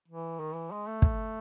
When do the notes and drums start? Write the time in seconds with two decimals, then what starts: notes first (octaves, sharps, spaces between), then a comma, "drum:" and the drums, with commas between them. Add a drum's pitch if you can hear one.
0.08 E3
0.40 D#3
0.55 E3
0.71 G#3
0.87 A3
1.02 drum: kick